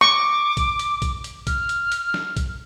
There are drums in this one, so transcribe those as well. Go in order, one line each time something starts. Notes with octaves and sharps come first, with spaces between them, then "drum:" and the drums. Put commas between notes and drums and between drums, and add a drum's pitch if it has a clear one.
C#6 D6
drum: kick A#1, hi-hat
drum: hi-hat
drum: kick A#1, hi-hat
drum: hi-hat
F6, drum: kick A#1, hi-hat
drum: hi-hat
drum: hi-hat
drum: snare
drum: kick A#1, hi-hat